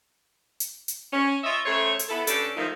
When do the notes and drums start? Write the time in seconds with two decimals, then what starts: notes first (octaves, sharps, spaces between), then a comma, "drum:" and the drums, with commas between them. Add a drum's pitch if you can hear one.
0.60 drum: hi-hat
0.88 drum: hi-hat
1.13 C#4
1.44 F4 C#5 D#5 E5
1.66 C#3 A3 C5 C#5
1.99 drum: hi-hat
2.09 B3 E4 A4
2.27 G2 C#4 D4 A4, drum: hi-hat
2.56 G#2 D#3 F3 A3 D#4